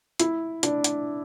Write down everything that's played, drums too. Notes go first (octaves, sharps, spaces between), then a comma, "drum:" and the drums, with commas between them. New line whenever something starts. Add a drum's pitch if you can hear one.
E4, drum: hi-hat
D4, drum: hi-hat
drum: hi-hat